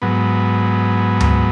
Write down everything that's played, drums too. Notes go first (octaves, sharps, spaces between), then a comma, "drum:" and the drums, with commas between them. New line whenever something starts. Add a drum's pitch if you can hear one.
G#2 F#3 B3
drum: tom D2